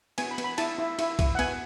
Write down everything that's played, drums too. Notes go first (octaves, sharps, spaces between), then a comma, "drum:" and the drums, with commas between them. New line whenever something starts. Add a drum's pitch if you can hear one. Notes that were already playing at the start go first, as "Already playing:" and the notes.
B3 G#5, drum: cymbal
B5
B3, drum: cymbal
B5
E4 A5, drum: cymbal
E4
E4, drum: cymbal
E4, drum: kick B1, cymbal
F#5
B3 G#5, drum: cymbal